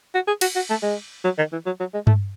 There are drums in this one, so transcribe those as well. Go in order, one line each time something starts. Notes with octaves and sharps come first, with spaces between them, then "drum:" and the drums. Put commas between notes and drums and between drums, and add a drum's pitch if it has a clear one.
F#4
G#4
F#4, drum: cymbal
F#4
A3
G#3
F#3
D#3
E3
F#3
F#3
G#3
A3, drum: tom G2